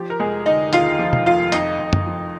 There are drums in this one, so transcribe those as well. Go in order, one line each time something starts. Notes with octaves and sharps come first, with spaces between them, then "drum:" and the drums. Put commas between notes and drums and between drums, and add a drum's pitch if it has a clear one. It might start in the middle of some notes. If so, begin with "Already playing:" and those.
Already playing: F3 G4
A#4
F1 G#3 G#4
D3 D#4 D#5
D#2 F4 F5, drum: hi-hat
F3
drum: tom
F1 F4 F5
F2 D#4 D#5, drum: hi-hat
F2
drum: tom
F3